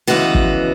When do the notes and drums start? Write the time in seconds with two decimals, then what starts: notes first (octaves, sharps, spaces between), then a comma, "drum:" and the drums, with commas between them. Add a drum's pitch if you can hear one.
0.07 D2 C#3 E3 G#3 B3 F#4
0.35 drum: kick